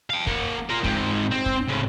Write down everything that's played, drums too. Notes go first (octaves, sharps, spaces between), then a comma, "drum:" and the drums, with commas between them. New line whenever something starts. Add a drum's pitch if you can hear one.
F5 G5
A#3 F#5, drum: kick
F4 A#4
G#2 C4, drum: kick
C4
drum: kick
A2 C#3